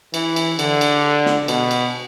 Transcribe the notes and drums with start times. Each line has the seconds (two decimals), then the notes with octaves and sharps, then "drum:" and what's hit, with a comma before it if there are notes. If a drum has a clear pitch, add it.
0.14 E3, drum: cymbal
0.36 drum: cymbal
0.59 D3, drum: cymbal
0.81 drum: cymbal
1.26 drum: snare
1.48 B2, drum: cymbal
1.71 drum: cymbal